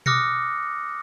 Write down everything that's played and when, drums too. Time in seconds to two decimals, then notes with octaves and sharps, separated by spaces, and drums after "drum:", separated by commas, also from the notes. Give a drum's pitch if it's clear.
0.06 D6 D#6 F6 F#6 A#6 C#7, drum: tom B2